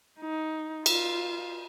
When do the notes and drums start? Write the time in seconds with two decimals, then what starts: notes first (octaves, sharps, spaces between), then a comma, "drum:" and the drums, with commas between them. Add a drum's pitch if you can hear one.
0.20 D#4
0.86 F4, drum: cymbal